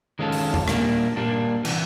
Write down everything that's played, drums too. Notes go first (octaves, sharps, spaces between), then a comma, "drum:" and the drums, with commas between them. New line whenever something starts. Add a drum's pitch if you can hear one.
D#3 G#3 C#4 F4 A4
drum: open hi-hat
drum: tom E2
A#2 G3 A#3 D4, drum: rim click
A#2 G3 A#3 D4
C3 E3, drum: cymbal